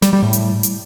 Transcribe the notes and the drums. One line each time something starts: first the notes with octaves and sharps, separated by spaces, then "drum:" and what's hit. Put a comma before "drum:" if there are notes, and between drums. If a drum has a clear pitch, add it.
G3, drum: snare
G3
A2
drum: hi-hat
drum: hi-hat